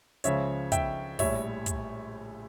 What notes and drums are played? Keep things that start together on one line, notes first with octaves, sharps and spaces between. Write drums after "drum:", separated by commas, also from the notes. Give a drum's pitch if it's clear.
C#2 C#3 F3 C#5 E5, drum: hi-hat
E5 G5, drum: kick, hi-hat
A#1 A2 G3 C#5 E5, drum: kick, open hi-hat
drum: kick, hi-hat